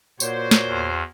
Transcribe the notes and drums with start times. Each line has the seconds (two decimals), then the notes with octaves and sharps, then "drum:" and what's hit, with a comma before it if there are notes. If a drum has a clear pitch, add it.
0.20 A#2 F#4 C5 C#5, drum: tambourine
0.51 drum: snare
0.65 E2